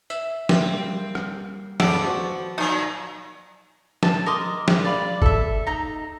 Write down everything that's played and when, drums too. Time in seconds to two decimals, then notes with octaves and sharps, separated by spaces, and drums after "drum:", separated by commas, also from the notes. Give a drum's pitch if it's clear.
0.10 E5, drum: tambourine
0.49 G3 A#3 C4, drum: snare
1.15 drum: rim click
1.80 F2 F3 B3 A4 C#5 D5 F#5, drum: snare
2.04 F#4 C5
2.58 A#2 F3 F#3 D#4
4.03 A5, drum: snare
4.26 A#4 D#5 C6 D6
4.68 drum: snare
4.85 D5 F5 B5
5.22 A4 E5, drum: kick
5.67 D#4 A#5